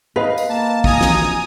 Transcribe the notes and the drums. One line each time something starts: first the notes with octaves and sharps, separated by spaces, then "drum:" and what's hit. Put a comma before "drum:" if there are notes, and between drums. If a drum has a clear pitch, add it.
B4 D#5 F5
drum: tambourine
A#3 A5
G#5 A#5 D#6, drum: kick
drum: snare